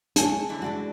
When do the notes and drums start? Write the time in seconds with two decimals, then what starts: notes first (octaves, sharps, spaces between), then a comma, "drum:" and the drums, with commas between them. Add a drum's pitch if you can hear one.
0.16 G#3 C#5 G#5 A5, drum: hi-hat
0.49 D3 E3 E4
0.62 E3 G#3 D4 F#4